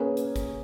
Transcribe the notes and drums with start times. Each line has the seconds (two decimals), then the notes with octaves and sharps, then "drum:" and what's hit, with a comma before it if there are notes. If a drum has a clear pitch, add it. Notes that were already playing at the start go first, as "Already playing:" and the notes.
Already playing: A#3 C#4 G#4 B4
0.17 drum: hi-hat
0.36 drum: kick, hi-hat